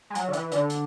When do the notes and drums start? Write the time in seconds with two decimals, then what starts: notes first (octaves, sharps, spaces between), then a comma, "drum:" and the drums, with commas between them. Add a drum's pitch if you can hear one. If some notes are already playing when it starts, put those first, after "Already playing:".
0.10 G#3
0.15 F#3, drum: hi-hat
0.28 D3
0.33 E3, drum: hi-hat
0.52 D3, drum: hi-hat
0.70 drum: hi-hat